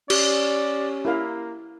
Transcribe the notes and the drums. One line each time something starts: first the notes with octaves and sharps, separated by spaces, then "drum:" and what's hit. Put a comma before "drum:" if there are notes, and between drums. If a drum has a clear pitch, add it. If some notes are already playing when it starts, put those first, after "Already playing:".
C#4 G4 D5, drum: cymbal
A#3 E4 A#4 F5